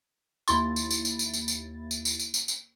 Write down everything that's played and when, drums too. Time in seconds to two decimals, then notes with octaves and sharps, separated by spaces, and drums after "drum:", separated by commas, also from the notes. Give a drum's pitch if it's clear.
0.48 D#2 E4 C6 A6, drum: tambourine
0.76 drum: tambourine
0.91 drum: tambourine
1.05 drum: tambourine
1.19 drum: tambourine
1.34 drum: tambourine
1.48 drum: tambourine
1.91 drum: tambourine
2.05 drum: tambourine
2.20 drum: tambourine
2.34 drum: tambourine
2.48 drum: tambourine